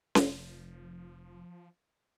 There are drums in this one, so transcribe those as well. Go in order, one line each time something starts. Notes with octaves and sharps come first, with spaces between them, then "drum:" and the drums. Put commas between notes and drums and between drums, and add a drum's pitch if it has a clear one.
F1 F3, drum: snare C#4